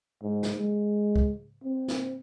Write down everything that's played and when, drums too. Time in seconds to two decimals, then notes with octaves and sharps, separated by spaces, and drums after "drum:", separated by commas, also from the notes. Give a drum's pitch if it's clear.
0.23 G#2
0.43 drum: snare
0.58 G#3
1.16 drum: kick
1.64 C4
1.88 drum: snare